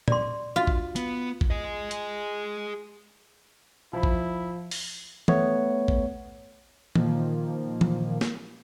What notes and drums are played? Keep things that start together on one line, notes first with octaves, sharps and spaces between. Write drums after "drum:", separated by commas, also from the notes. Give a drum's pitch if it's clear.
D5 C6, drum: tom A#2
F4 F#4
drum: kick A1
B3, drum: hi-hat
drum: kick A1
G#4 D#5
drum: hi-hat
F3 E4 B5
drum: kick A1
drum: open hi-hat
A3 B3 C#5, drum: tom E3
drum: kick A1
A#2 D#3 F3 A#3, drum: tom E3
drum: tom E3
drum: snare A#3